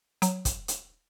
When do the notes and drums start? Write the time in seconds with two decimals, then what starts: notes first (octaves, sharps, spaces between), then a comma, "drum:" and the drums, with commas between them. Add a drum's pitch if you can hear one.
0.22 F#3, drum: hi-hat
0.45 drum: kick, hi-hat
0.68 drum: hi-hat